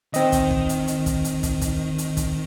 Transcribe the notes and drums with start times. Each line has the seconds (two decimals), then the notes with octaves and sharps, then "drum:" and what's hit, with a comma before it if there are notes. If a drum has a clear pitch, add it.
0.14 D#3 C4 D#5, drum: hi-hat
0.32 drum: kick, hi-hat
0.51 drum: kick
0.69 drum: hi-hat
0.88 drum: hi-hat
1.06 drum: kick, hi-hat
1.24 drum: hi-hat
1.43 drum: kick, hi-hat
1.61 drum: kick, hi-hat
1.98 drum: hi-hat
2.17 drum: kick, hi-hat